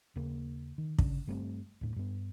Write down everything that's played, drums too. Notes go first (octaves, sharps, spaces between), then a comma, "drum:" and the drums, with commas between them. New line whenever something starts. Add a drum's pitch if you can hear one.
D#2 C#3 A#3
D#3
C#3 D4, drum: kick
G2 G3 A3 C4
D#2 A2
G2 B3